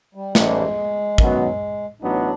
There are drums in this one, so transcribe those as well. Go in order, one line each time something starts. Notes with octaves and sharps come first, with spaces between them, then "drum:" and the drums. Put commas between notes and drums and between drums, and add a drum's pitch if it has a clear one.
G3
A1 G#2 E3 G3 G#3, drum: snare
F#2 D#3 F#3 B3, drum: kick
A1 A2 F#3 B3 D4 D#4